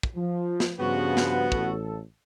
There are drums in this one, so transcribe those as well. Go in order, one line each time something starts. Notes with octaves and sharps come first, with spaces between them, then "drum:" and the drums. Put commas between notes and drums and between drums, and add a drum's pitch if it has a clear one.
drum: kick
F3
drum: snare
G2 C#3 F3 B3 F#4
drum: snare
A1 A4, drum: kick